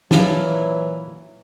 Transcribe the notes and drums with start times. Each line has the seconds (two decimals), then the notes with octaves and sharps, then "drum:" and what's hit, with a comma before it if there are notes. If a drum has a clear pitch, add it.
0.11 A#2 E3 F#3 F5 A5, drum: snare